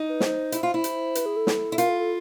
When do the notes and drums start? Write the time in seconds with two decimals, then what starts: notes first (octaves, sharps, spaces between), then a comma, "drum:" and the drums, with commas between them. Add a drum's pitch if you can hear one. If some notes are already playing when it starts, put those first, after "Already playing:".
Already playing: D#4
0.09 B4
0.20 C5, drum: snare
0.52 E4, drum: hi-hat
0.63 F4
0.74 E4
0.84 drum: hi-hat
1.15 B4, drum: hi-hat
1.26 G#4
1.36 A4
1.47 drum: snare
1.72 E4
1.78 F4 A#4, drum: hi-hat
1.89 A4
2.00 A4